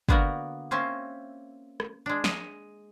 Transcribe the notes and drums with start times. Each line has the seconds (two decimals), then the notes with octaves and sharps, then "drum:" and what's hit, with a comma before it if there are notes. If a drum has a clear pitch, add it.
0.09 D3 A#3 B3 F#4 A#4, drum: kick
0.71 A#3 C4 C#4 E5
1.80 drum: rim click
2.06 G#3 D4
2.24 D#5, drum: snare